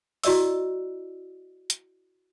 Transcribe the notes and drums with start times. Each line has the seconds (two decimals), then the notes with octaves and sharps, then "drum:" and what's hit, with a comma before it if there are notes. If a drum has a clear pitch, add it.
0.24 E4 F#4 D5 D#5 E6, drum: open hi-hat
1.70 drum: hi-hat